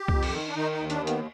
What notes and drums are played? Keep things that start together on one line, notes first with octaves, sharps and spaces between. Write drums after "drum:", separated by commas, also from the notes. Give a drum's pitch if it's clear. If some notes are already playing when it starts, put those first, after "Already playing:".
Already playing: G4
F2, drum: kick C2
drum: cymbal
D#3
D4
D#3 D#4
D#4
D#2
D4, drum: hi-hat
D#3
B3, drum: hi-hat